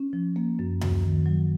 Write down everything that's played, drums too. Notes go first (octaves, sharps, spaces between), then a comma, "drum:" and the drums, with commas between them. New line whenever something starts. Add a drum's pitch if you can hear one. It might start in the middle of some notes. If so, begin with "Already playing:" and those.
Already playing: C#4
F3
A#3
F#2
F#2, drum: tom D2
D#3
F#3